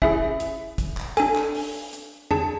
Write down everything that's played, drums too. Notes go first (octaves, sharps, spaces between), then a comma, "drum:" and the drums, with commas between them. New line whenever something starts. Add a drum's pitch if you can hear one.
C#4 E4 G#4 E5, drum: kick
drum: hi-hat
drum: kick, hi-hat
drum: clap
D4 A4 G#5, drum: hi-hat
drum: clap
drum: open hi-hat
drum: hi-hat
D4 G#4 A5, drum: tom E2